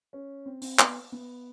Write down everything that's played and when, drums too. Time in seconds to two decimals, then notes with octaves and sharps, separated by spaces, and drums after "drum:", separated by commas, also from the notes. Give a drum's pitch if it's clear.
0.13 C#4
0.46 C4
0.61 C4, drum: open hi-hat
0.79 B3, drum: clap
1.12 B3